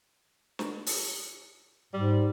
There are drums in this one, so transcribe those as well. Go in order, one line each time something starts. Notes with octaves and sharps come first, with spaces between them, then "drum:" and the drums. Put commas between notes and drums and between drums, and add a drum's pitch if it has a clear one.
drum: snare
drum: open hi-hat
G#2 G3